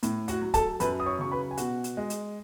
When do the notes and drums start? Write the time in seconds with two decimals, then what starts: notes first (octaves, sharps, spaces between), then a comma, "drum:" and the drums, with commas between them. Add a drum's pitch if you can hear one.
0.03 A2, drum: hi-hat
0.28 F#4 F#5, drum: hi-hat
0.42 F#3
0.54 A4 A5, drum: kick C#1, hi-hat
0.80 F#2 B4 B5, drum: hi-hat
1.00 D#6
1.06 C#5 C#6
1.19 C#3 F#3 C#6
1.32 B4 B5
1.51 G#5
1.57 B2 F#4 F#5, drum: hi-hat
1.84 drum: hi-hat
1.97 G#3
2.10 drum: hi-hat